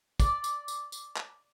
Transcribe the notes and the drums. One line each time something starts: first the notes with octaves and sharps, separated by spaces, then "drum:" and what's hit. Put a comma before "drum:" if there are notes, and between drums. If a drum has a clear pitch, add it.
D5, drum: kick, tambourine
drum: tambourine
drum: tambourine
drum: tambourine
drum: clap